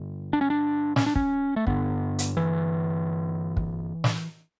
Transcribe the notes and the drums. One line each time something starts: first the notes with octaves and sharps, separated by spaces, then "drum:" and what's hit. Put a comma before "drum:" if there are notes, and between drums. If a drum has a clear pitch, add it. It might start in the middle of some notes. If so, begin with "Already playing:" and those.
Already playing: G2 D3
D4
C#4
D4
C#4, drum: snare
D4
C#4, drum: kick
A3
G2 D3 B3, drum: kick
drum: hi-hat
E3
drum: kick
drum: snare